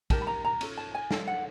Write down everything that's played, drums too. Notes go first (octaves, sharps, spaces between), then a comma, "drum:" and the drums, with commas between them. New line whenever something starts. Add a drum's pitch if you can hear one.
D#4 G4 A#4 A5, drum: kick, cymbal
B5
A#5
A#5
C#4 F4 A4, drum: cymbal
A5
G#5
C#4 F4 A4, drum: snare
F#5